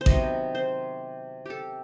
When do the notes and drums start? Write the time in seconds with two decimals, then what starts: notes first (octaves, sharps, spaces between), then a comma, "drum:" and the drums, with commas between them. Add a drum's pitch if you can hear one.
0.01 C5
0.06 C3 D#3 F#3 B3 D#5, drum: kick A1
0.55 C5
1.46 G4 A4